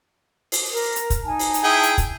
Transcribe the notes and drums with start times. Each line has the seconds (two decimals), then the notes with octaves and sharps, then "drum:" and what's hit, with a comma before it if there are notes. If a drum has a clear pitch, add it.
0.52 drum: open hi-hat
0.71 A#4
0.96 drum: hi-hat
1.10 drum: kick, hi-hat
1.25 D#4 G#5 A5
1.39 drum: open hi-hat
1.54 drum: hi-hat
1.64 E4 G#4 G5
1.83 drum: hi-hat
1.98 drum: kick, hi-hat